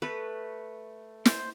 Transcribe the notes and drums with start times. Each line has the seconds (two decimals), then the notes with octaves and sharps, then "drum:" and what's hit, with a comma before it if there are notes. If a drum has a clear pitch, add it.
0.02 A3 B4 C#6
1.26 C5, drum: snare